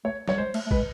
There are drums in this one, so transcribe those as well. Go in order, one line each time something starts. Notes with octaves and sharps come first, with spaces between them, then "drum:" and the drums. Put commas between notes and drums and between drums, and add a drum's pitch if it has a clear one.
A3 C#5
G3 C#5, drum: snare
G#3 C5
A3, drum: cymbal
A3
G#3 B4, drum: kick